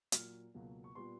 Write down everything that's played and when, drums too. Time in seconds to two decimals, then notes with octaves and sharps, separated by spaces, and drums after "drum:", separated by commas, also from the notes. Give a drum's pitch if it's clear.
0.12 A#2 F#3 A#3 F6, drum: hi-hat
0.54 C#2 B2 F#3 A#3
0.84 C#6
0.95 A#2 G3 B3 C6